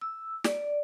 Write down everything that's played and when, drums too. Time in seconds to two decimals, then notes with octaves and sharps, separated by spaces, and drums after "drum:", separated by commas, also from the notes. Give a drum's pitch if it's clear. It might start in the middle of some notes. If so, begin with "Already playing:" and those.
0.01 E6
0.44 D5, drum: snare